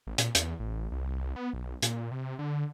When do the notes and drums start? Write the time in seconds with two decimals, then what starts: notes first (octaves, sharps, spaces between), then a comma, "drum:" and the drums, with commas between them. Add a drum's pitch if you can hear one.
0.07 A1
0.18 A#2, drum: hi-hat
0.35 E2, drum: hi-hat
0.59 A1
0.92 C2
1.36 B3
1.54 B1
1.83 A#2, drum: hi-hat
2.11 C3
2.39 D3